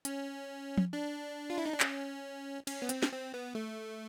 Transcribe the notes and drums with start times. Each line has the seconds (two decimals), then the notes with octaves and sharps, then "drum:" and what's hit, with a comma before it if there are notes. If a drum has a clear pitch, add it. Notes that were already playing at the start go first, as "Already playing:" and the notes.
0.05 C#4, drum: hi-hat
0.78 drum: tom
0.93 D4
1.50 F4
1.58 E4
1.66 D#4
1.73 D4
1.80 C#4, drum: clap
2.67 C#4, drum: cymbal
2.82 B3
2.89 C4, drum: hi-hat
3.03 drum: snare
3.12 C4
3.34 B3
3.55 A3